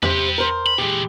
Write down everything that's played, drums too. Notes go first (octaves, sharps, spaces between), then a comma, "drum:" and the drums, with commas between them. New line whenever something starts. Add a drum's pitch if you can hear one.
C3 G4 B4 C5, drum: tom E2
A#4 C5
B5
A#2 E3 G#3 G4